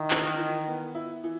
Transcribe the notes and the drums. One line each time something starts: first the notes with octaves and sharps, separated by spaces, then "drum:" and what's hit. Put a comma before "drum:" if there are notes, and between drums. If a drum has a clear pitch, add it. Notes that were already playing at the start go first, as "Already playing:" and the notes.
Already playing: D#3 E4
E3, drum: clap
E3
B3
E4
E3